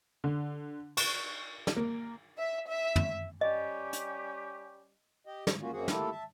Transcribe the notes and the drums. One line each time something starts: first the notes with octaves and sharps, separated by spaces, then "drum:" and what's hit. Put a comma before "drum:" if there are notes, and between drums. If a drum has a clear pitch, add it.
D3
C#6, drum: cymbal
drum: snare
A#3
E5
E5
drum: tom
G3 C#4 G4 D#5
drum: hi-hat
G4 D#5
G#2, drum: snare
A#3 C#4 F4 F#4
F#2 A#3 C4 F#4 G#4 F#5
A3 A#3 E4 F4 G4 A4, drum: snare
E5 A5